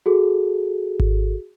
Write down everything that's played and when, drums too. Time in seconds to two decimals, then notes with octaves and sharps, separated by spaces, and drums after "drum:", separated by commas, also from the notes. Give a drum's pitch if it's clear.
0.06 F#4 G#4 A4
1.00 drum: kick G#1